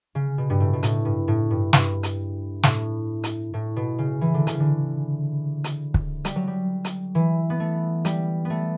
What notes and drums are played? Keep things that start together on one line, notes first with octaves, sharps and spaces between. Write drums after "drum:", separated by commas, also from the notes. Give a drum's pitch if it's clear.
C#3
B2
G2
A2
B2
A2, drum: hi-hat
G2
A2
G2
G2, drum: snare
drum: hi-hat
A2, drum: snare
drum: hi-hat
A2
B2
C#3
E3
D3
C#3, drum: hi-hat
D3
drum: hi-hat
drum: kick
G3, drum: hi-hat
F#3
G3
drum: hi-hat
E3
B3
A3
G3, drum: hi-hat
A3 B3